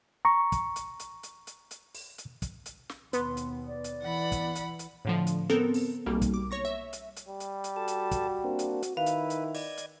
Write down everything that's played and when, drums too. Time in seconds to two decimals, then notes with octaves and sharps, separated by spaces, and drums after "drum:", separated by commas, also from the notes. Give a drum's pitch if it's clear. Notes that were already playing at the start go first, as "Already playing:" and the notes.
0.25 A#5 C#6
0.52 drum: kick, hi-hat
0.76 drum: hi-hat
1.00 drum: hi-hat
1.23 drum: hi-hat
1.47 drum: hi-hat
1.71 drum: hi-hat
1.95 drum: open hi-hat
2.18 drum: hi-hat
2.42 drum: kick, hi-hat
2.66 drum: hi-hat
2.89 drum: snare
3.13 D#2 B2 B3 C6, drum: hi-hat
3.37 drum: hi-hat
3.67 D5
3.84 drum: hi-hat
4.03 E3 F#5 B5
4.32 drum: kick, hi-hat
4.56 drum: hi-hat
4.79 drum: hi-hat
5.05 A2 D3 F3
5.27 drum: hi-hat
5.50 B3 C4 A4 A#4
5.74 drum: open hi-hat
6.06 B1 G3 A#3
6.22 drum: kick, hi-hat
6.34 D6
6.51 C#5 C#6 A#6
6.65 E5
6.93 drum: hi-hat
7.17 drum: hi-hat
7.28 G3
7.40 drum: hi-hat
7.64 drum: hi-hat
7.76 F#4 A4 A5
7.88 drum: hi-hat
8.11 drum: kick, hi-hat
8.44 A#3 C4 D4
8.59 drum: hi-hat
8.83 drum: hi-hat
8.97 D#3 E4 B4 F5
9.06 drum: hi-hat
9.30 drum: hi-hat
9.55 D5 D#5 G#6, drum: open hi-hat
9.78 drum: hi-hat